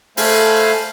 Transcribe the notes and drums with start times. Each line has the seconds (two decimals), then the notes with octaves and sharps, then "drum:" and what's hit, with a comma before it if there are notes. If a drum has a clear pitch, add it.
0.17 A3 C5 F5 G#5 B5, drum: open hi-hat